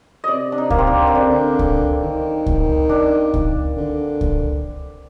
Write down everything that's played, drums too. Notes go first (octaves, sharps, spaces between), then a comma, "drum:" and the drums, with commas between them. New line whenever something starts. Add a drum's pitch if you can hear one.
C3 D5 D#5
D4
D#4
A#3, drum: kick C#2
C4
D4
C4
D3 D4
C3
D3
drum: kick C#2
D#3
drum: kick C#2
D4
drum: kick C#2
D3
drum: kick C#2